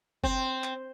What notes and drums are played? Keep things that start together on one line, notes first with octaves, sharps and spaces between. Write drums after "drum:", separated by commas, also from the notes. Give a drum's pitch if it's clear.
C4, drum: kick F#1
drum: clap